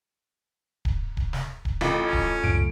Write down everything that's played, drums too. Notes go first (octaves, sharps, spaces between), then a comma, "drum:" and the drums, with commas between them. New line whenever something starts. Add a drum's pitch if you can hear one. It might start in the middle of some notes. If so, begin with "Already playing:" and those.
drum: kick D1
drum: kick D1
drum: snare
drum: kick D1
A1 F4 A4, drum: snare
C#4
drum: kick D1
C#2 F#2 A2 D7